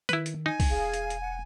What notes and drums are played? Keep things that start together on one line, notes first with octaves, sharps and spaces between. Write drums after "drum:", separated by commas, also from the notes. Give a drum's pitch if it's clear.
D#3 E4 B4, drum: hi-hat
drum: hi-hat
D#4 G#5
drum: kick B1, open hi-hat
E1 G#4 F5
drum: hi-hat
drum: hi-hat
F#5